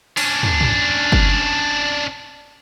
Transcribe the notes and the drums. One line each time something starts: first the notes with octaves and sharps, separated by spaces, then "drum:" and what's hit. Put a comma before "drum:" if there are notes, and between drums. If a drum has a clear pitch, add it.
C#4 D4, drum: open hi-hat
drum: tom
drum: tom
drum: kick